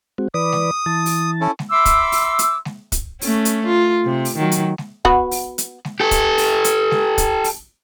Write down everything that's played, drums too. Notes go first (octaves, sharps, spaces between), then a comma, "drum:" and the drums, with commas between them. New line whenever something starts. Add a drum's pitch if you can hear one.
G#3 C4 F#4
E3 B4 D5 D#6
drum: snare G#3
E3 A5
drum: open hi-hat
C#4 E4 A4
drum: snare G#3
E5 B5 C6 D6 E6
drum: kick, hi-hat
drum: open hi-hat
drum: hi-hat
drum: snare G#3
drum: kick, hi-hat
A3 C#4, drum: open hi-hat
drum: hi-hat
F4
C3
drum: open hi-hat
D#3 F#3
drum: hi-hat
drum: snare G#3
B3 F#4 B4, drum: kick
drum: open hi-hat
drum: hi-hat
drum: snare G#3
G4 A4
drum: kick, hi-hat
drum: open hi-hat
drum: hi-hat
drum: snare G#3
drum: kick, hi-hat
drum: open hi-hat